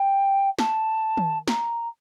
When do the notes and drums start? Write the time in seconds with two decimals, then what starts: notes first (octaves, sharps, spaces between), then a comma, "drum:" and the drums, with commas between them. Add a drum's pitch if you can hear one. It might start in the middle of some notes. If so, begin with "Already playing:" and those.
Already playing: G5
0.59 A5, drum: snare
1.17 drum: tom D#3
1.48 A#5, drum: snare